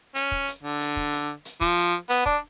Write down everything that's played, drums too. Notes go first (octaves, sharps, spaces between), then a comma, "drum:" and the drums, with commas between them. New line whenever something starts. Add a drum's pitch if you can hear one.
C#4, drum: hi-hat
drum: kick
drum: hi-hat
D3
drum: hi-hat
drum: kick
drum: hi-hat
drum: hi-hat
F3, drum: kick
drum: hi-hat
B3, drum: hi-hat
D4, drum: kick